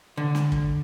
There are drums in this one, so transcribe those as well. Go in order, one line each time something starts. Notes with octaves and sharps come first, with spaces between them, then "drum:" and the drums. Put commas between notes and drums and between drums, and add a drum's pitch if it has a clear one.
D3
drum: snare
drum: kick